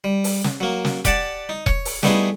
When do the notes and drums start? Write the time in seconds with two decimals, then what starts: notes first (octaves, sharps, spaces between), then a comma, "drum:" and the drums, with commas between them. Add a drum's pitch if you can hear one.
0.04 G3
0.24 drum: open hi-hat
0.44 drum: snare
0.61 F#3 A#3
0.85 drum: snare
1.05 G4 D5 F#5 A5, drum: kick E1, hi-hat
1.49 D#4
1.66 C#5, drum: kick E1
1.85 drum: open hi-hat
2.03 G3 A3 B3 D#4 E4 G#4, drum: snare